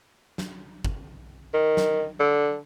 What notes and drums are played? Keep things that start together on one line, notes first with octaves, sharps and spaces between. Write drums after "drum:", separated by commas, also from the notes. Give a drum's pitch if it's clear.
drum: snare
drum: kick G1
D#3
drum: snare
D3